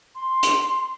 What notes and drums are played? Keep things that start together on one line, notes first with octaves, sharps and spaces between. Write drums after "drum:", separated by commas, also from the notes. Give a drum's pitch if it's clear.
C6
drum: hi-hat